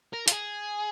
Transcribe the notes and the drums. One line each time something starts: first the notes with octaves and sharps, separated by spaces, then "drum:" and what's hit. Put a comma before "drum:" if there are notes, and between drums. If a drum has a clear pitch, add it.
A#4
F4, drum: hi-hat
G#4